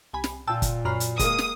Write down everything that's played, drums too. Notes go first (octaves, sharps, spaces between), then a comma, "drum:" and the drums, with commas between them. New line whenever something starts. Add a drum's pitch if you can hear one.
C2 G#5 B5
drum: snare
A#2 F4 G5 A5 E6
drum: kick, hi-hat
F#2 A#5 B5 F6 C7
drum: hi-hat
G#3 A#3 D#6, drum: kick, hi-hat
drum: snare